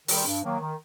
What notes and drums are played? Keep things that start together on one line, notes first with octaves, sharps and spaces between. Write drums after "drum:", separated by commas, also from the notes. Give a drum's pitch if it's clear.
D#3 G3 C4, drum: open hi-hat
G2
D#3 F#3 A#3
D#3